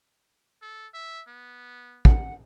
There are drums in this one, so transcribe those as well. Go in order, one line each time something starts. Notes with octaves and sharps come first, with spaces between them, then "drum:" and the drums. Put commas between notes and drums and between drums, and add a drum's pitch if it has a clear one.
A4
E5
B3
F#5, drum: kick